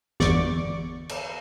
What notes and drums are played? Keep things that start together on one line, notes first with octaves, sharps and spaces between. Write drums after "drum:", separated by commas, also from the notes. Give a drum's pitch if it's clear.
G1 E2 D5 C#6 D6, drum: snare
drum: cymbal